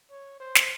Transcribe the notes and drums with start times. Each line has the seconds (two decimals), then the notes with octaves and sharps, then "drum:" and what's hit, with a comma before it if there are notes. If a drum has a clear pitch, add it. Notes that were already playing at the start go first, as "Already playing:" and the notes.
0.11 C#5
0.40 C5
0.55 drum: snare